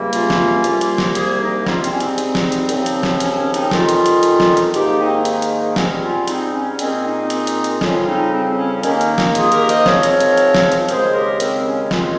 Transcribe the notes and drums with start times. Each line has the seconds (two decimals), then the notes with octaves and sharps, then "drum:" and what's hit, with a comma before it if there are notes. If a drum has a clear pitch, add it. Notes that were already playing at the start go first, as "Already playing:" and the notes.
Already playing: C#2 C3 G3 A#3
0.13 C#4 F4, drum: hi-hat
0.30 drum: snare
0.64 C2 C3 G3 A#3, drum: hi-hat
0.81 drum: hi-hat
0.98 drum: snare
1.15 G#4 C5, drum: hi-hat
1.41 D#4 G4
1.67 G#2 G3 C4 C#4 F4, drum: snare
1.84 C4, drum: hi-hat
1.93 C#4
2.00 C4 D#4, drum: hi-hat
2.18 drum: hi-hat
2.35 drum: snare
2.52 drum: hi-hat
2.69 D#2 C#3 F3 C4, drum: hi-hat
2.86 drum: hi-hat
3.03 drum: snare
3.20 C#4, drum: hi-hat
3.30 C4
3.37 C#4
3.54 C4 D#4, drum: hi-hat
3.71 F2 D#3 G3 C#4 F4, drum: snare
3.89 drum: hi-hat
4.06 drum: hi-hat
4.23 drum: hi-hat
4.40 drum: snare
4.57 drum: hi-hat
4.74 G#2 D#3 A#3 D#4 G4, drum: hi-hat
4.99 C4 D#4
5.25 drum: hi-hat
5.42 drum: hi-hat
5.67 D#4
5.76 G#2 G3 C4 C#4, drum: snare
6.02 C#4 F4
6.28 C4 D#4, drum: hi-hat
6.53 C#4
6.79 A#2 G#3 C4 C#4, drum: hi-hat
7.04 C4 D#4
7.30 drum: hi-hat
7.47 drum: hi-hat
7.64 drum: hi-hat
7.81 F2 C#3 G3 C4 C#4 F4, drum: snare
8.07 C4 D#4
8.32 C4
8.58 C#4
8.83 D#2 D#3 A#3 C#4, drum: hi-hat
9.01 drum: hi-hat
9.18 drum: snare
9.35 F4 G#4, drum: hi-hat
9.52 G4 A#4, drum: hi-hat
9.69 C5 D#5, drum: hi-hat
9.86 G#2 F3 C4 A#4 C#5, drum: snare
10.03 drum: hi-hat
10.20 drum: hi-hat
10.37 drum: hi-hat
10.55 drum: snare
10.72 drum: hi-hat
10.89 D#2 C#3 G#3 G#4 C5, drum: hi-hat
11.14 G4 A#4
11.40 C4, drum: hi-hat
11.66 C#4
11.91 D#2 C#3 G#3 C4 C#4 F4, drum: snare